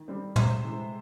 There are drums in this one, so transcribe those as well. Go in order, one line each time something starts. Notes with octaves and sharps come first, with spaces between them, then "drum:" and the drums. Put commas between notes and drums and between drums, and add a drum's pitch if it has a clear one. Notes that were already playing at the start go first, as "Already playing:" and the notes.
Already playing: D#3
G3 C4
C3 C5, drum: tom
E3 G#3